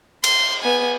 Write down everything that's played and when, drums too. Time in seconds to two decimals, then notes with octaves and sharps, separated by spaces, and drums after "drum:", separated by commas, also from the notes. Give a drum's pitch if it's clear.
0.24 C6, drum: cymbal
0.63 B3 G#5